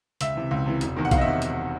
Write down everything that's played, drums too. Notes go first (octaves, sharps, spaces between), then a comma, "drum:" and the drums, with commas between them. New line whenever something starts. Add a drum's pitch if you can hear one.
C#2 E5, drum: hi-hat
C3 E3
C#2
C3 E3
E1, drum: hi-hat
E2 C3 D#3
F#5
E1 F5, drum: kick A#1, hi-hat
D#5
E5
C3 D#3
drum: hi-hat